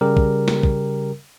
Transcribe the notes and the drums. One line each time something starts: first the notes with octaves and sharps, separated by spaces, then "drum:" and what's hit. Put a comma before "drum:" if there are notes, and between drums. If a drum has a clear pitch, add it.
C#3 G3 G4 A#4
drum: kick
drum: snare
drum: kick